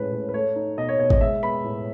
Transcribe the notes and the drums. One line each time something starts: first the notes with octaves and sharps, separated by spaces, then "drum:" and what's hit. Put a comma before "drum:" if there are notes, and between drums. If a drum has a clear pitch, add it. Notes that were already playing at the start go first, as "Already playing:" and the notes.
Already playing: A2 G#3 C#4 B4
A2
B4
A3 C#5
D#4
B2 D#5
C#5
B2 C#5
D#5, drum: kick
G#3 E5
B3 B5
A2